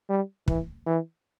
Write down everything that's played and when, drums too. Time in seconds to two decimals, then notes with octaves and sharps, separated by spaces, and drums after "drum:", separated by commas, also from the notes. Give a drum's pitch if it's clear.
0.10 G3
0.48 E3, drum: kick
0.87 E3